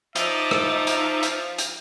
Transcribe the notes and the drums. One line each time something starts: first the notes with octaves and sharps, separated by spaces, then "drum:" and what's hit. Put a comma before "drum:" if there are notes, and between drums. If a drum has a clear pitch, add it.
F3 D#4 D5 E5, drum: hi-hat
drum: rim click
drum: hi-hat
drum: hi-hat
drum: hi-hat